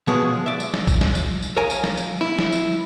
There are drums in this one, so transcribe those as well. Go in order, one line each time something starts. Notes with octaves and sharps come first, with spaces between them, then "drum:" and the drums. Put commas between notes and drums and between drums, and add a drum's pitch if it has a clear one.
B2 F3 F#3 G#3 B3 G#4
D5 E5
drum: tambourine
drum: snare
drum: kick A#1, tambourine
drum: snare
drum: tambourine
drum: tambourine
A#4 C#5 D#5 F5 G#5 A#5
drum: tambourine
drum: snare
drum: tambourine
E4
drum: snare
drum: tambourine